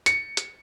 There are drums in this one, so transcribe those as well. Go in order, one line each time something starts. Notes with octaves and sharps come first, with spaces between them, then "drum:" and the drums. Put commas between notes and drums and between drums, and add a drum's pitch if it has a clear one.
C#7, drum: hi-hat
drum: hi-hat